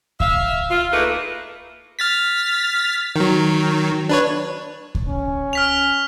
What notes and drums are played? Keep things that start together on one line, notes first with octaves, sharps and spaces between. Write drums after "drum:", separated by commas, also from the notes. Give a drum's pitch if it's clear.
E5 F5, drum: kick C#2
F4
A3 A#3 D#4 E4 G#4 B4
F6 A6 B6
D#3 F#3
D4 B4 C#5
drum: kick C#2
C#4
F6 B6 F7